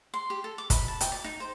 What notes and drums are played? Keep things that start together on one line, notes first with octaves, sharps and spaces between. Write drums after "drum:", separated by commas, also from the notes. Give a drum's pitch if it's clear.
C6
G4
A4
D6
B5, drum: kick, hi-hat
A5
G5, drum: hi-hat
D5
D#4
C5